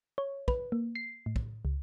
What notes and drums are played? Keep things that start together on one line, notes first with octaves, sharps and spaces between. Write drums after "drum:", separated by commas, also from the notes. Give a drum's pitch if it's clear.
C#5
B4, drum: kick
A#3
C7
A2
drum: kick
C#2